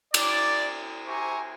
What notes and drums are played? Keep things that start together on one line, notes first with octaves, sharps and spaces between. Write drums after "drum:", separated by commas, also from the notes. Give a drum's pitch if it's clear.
D5, drum: cymbal
G4 C5 E5 G#5 A#5 C#6